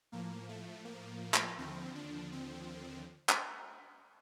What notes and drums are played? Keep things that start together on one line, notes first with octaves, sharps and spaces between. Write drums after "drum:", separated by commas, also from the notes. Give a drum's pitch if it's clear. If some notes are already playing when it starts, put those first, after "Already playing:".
A2 F3 A#3
A3
A#3
drum: clap
D#2 D3 F3 C4
D4
C4
drum: clap